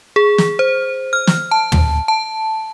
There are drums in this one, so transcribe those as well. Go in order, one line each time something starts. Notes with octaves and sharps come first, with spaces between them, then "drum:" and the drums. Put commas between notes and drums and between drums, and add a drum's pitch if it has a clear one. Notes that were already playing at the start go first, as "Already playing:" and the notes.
G#4
drum: snare
C5
F6
drum: snare
A5
drum: tom
A5